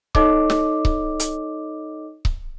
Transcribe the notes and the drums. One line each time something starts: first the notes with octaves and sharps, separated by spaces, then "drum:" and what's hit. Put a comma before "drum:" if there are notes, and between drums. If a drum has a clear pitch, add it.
D#4 A4 C#5 D#5 D6, drum: kick C#1
drum: snare
drum: kick C#1
drum: hi-hat
drum: kick C#1